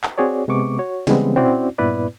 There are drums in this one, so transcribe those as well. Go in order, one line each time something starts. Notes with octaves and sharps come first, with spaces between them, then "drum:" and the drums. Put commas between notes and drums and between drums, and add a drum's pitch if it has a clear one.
drum: clap
C4 F#4 G#4 C#5 D5
C3 G#3 B3 C#6 D6
F#4 C#5
C#3 E3 G3 G#3 B3 C4, drum: snare
C4 C#4 E4 F#4 D5, drum: tom A#2
G2 A#2 B3 E4 B4 D5